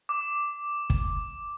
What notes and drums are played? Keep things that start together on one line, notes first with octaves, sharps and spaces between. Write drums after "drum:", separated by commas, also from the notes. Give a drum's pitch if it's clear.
D6
drum: kick